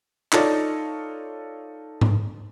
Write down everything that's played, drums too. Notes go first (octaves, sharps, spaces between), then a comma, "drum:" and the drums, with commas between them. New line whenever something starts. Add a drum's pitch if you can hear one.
D#4 F4 A4 C#5 D5, drum: clap
drum: tom G#2